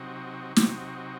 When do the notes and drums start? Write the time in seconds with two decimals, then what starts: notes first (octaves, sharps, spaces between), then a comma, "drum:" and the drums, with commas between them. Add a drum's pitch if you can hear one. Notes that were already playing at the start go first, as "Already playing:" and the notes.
Already playing: C3 F#3 C4 D#4 F#4
0.56 C3 F#3 C4 D#4 F#4, drum: snare